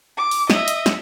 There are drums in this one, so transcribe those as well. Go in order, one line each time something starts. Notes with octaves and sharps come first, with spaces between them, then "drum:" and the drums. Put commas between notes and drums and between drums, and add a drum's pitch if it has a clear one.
D6
drum: open hi-hat
D#5 E5, drum: snare
drum: hi-hat
drum: snare